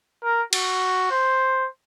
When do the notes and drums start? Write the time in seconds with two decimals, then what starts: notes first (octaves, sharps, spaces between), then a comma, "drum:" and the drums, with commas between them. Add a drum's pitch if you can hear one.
0.23 A#4
0.53 F#4, drum: cymbal
1.11 C5